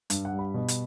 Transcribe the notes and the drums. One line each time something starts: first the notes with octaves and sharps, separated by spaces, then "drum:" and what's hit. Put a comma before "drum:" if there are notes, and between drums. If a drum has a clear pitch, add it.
G2, drum: hi-hat
F#5
G3
B5
B2
drum: hi-hat